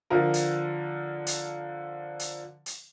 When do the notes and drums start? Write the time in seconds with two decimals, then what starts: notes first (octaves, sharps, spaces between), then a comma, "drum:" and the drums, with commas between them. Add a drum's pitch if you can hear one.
0.10 D3 F3 A#4
0.34 drum: hi-hat
1.27 drum: hi-hat
2.19 drum: hi-hat
2.66 drum: hi-hat